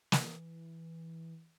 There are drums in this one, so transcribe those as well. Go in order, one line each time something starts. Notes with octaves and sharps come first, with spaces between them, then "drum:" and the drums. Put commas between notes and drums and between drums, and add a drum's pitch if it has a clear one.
E3, drum: snare